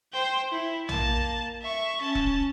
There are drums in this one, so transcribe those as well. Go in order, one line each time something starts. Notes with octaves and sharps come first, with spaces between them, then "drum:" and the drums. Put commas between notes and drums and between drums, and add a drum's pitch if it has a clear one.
C5 G5
E4
A#3 A5, drum: tom A#1
E5 C#6
C#4 A5
drum: kick E1